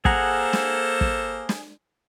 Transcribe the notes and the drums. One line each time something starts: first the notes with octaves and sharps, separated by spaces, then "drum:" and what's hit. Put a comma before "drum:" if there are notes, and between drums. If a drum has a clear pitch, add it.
A#3 G#4 A4 C5 F#5 A#5, drum: kick
drum: snare
drum: kick
drum: snare